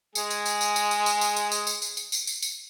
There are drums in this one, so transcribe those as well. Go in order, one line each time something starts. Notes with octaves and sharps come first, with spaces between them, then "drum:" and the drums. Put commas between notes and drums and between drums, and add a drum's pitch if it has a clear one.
G#3 G#4, drum: tambourine
drum: tambourine
drum: tambourine
drum: tambourine
drum: tambourine
drum: tambourine
drum: tambourine
drum: tambourine
drum: tambourine
drum: tambourine
drum: tambourine
drum: tambourine
drum: tambourine
drum: tambourine
drum: tambourine
drum: tambourine